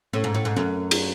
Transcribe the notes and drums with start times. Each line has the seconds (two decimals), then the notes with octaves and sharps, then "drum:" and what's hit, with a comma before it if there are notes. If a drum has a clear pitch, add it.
0.13 A2 A3 C#4
0.24 G#2
0.34 A2
0.45 G#2
0.55 F#2 A3 C#4
0.91 drum: cymbal